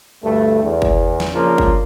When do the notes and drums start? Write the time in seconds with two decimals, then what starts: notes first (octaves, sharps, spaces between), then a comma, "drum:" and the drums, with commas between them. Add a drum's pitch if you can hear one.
0.24 D2 G2 A3
0.63 E2
0.82 drum: kick G1
1.20 drum: snare
1.33 C#3 F3 A#3 D4 F4
1.58 drum: kick G1